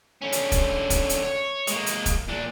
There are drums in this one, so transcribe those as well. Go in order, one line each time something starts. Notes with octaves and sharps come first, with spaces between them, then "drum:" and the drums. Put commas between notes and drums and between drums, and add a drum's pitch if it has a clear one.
D3 C#4
drum: hi-hat
drum: kick, hi-hat
drum: kick, hi-hat
drum: hi-hat
C#5
G#3 A#3, drum: hi-hat
drum: hi-hat
drum: kick, hi-hat
A#2 D4